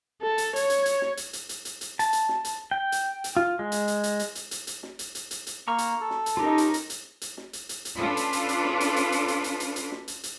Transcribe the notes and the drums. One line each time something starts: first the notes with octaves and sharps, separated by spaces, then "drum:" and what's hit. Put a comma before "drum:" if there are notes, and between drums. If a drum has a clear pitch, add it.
A4
drum: hi-hat
C#5, drum: hi-hat
drum: hi-hat
drum: hi-hat
drum: snare
drum: hi-hat
drum: hi-hat
drum: hi-hat
drum: hi-hat
drum: hi-hat
A5, drum: hi-hat
drum: hi-hat
drum: snare
drum: hi-hat
G5
drum: hi-hat
drum: hi-hat
F4
G#3
drum: hi-hat
drum: hi-hat
drum: hi-hat
drum: hi-hat
drum: hi-hat
drum: hi-hat
drum: hi-hat
drum: snare
drum: hi-hat
drum: hi-hat
drum: hi-hat
drum: hi-hat
A#3 A#5 C#6 F6
drum: hi-hat
A4
drum: snare
drum: hi-hat
C#4 D#4 F4 G4 A#4
drum: hi-hat
drum: hi-hat
drum: hi-hat
drum: hi-hat
drum: snare
drum: hi-hat
drum: hi-hat
drum: hi-hat
C#4 D4 F4 A4 B4
drum: hi-hat
drum: hi-hat
drum: hi-hat
drum: snare
drum: hi-hat
drum: hi-hat
drum: hi-hat
drum: hi-hat
drum: hi-hat
drum: hi-hat
drum: hi-hat
drum: snare
drum: hi-hat
drum: hi-hat